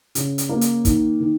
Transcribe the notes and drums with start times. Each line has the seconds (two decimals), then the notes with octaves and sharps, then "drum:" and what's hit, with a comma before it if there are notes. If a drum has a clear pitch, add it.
0.15 C#3, drum: hi-hat
0.38 drum: hi-hat
0.49 A#3
0.61 drum: hi-hat
0.85 D#3, drum: kick, hi-hat
1.20 D#3